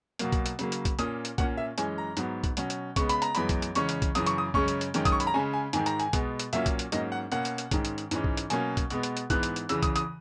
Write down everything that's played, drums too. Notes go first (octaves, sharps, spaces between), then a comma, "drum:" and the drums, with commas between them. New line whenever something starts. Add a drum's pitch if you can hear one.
B2 F#3 A#3, drum: hi-hat
drum: kick B1, hi-hat
drum: hi-hat
C#3 F#3 A#3, drum: hi-hat
drum: hi-hat
drum: kick B1, hi-hat
A#2 A#3 C#4 D#6, drum: hi-hat
drum: hi-hat
A#2 A#3 C#4 F#5, drum: kick B1, hi-hat
E5
F#2 E3 G#3 C#4 G#5, drum: hi-hat
A#5
G#2 F#3 B3, drum: hi-hat
drum: kick B1, hi-hat
B2 F#3 C#4, drum: hi-hat
drum: hi-hat
C#3 G#3 B3 C#6, drum: kick B1, hi-hat
B5, drum: hi-hat
A#5, drum: hi-hat
F#2 E3 G#3 B3 B5, drum: hi-hat
drum: kick B1, hi-hat
drum: hi-hat
E2 C#3 G#3 C#4 C#6, drum: hi-hat
drum: hi-hat
drum: kick B1, hi-hat
F#2 C#3 E3 D#6, drum: hi-hat
C#6, drum: hi-hat
D#6
F#2 C#3 G#3 C#4 C#6, drum: kick B1
drum: hi-hat
drum: hi-hat
F#2 D#3 G#3 C#4, drum: hi-hat
D#6, drum: kick B1, hi-hat
C#6
B5, drum: hi-hat
A#5
C#3 G#3 C#4 G#5
G#5
G#2 D#3 G#3 G#5, drum: hi-hat
A#5, drum: hi-hat
G#5, drum: hi-hat
B2 G#3 B3, drum: kick B1, hi-hat
drum: hi-hat
A#2 F#3 A#3 C#4 E5, drum: hi-hat
drum: kick B1, hi-hat
drum: hi-hat
G#2 F#3 A#3 C#4 D#5, drum: hi-hat
F#5
B2 A#3 C#4 F#5, drum: hi-hat
drum: hi-hat
drum: hi-hat
G#2 D#3 G#3 C#4, drum: kick B1, hi-hat
drum: hi-hat
drum: hi-hat
G#2 E3 G#3 C#4, drum: hi-hat
drum: kick B1
drum: hi-hat
B2 F#3 A#3 C#4 G#5, drum: hi-hat
drum: kick B1, hi-hat
B2 G#3 B3, drum: hi-hat
drum: hi-hat
drum: hi-hat
G#2 E3 G#3 B3 F#6, drum: kick B1, hi-hat
drum: hi-hat
drum: hi-hat
E2 C#3 E3 E6, drum: hi-hat
D#6, drum: kick B1, hi-hat
D#6, drum: hi-hat